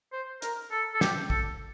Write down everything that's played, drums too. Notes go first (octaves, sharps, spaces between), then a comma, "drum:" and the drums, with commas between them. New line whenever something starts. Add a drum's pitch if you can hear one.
C5
A#4, drum: hi-hat
A4
A4
G4, drum: snare
A4, drum: kick